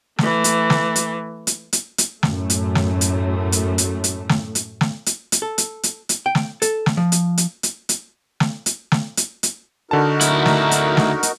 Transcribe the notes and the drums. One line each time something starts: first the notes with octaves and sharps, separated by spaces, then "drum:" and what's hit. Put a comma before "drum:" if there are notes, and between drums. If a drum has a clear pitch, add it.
E3 A3, drum: snare
drum: hi-hat
drum: snare
drum: hi-hat
drum: hi-hat
drum: hi-hat
drum: hi-hat
F#2 A2 A3, drum: snare
drum: hi-hat
drum: snare
drum: hi-hat
drum: hi-hat
drum: hi-hat
drum: hi-hat
drum: snare
drum: hi-hat
drum: snare
drum: hi-hat
drum: hi-hat
A4
drum: hi-hat
drum: hi-hat
drum: hi-hat
G5
drum: snare
A4, drum: hi-hat
drum: snare
F3
drum: hi-hat
drum: hi-hat
drum: hi-hat
drum: hi-hat
drum: snare
drum: hi-hat
drum: snare
drum: hi-hat
drum: hi-hat
D3 D#4 F#4 A#4 A5
D2 E4, drum: hi-hat
drum: snare
drum: hi-hat
drum: snare
drum: hi-hat